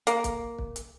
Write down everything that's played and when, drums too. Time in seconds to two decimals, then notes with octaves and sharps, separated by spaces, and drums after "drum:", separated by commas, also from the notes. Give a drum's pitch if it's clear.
0.07 A#3, drum: hi-hat
0.24 drum: kick, hi-hat
0.58 drum: kick
0.76 drum: hi-hat